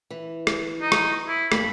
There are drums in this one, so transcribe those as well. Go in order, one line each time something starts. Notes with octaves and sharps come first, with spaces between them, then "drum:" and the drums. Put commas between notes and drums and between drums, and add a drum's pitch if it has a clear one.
E3
drum: rim click
D#4
drum: rim click
E4
G2 A3 A#3 B5, drum: rim click